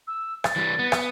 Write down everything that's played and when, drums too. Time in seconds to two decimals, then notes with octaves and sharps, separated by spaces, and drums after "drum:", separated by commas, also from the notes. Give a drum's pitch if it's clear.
0.07 E6
0.44 A6, drum: rim click
0.56 E3 G3
0.79 B3
0.92 drum: rim click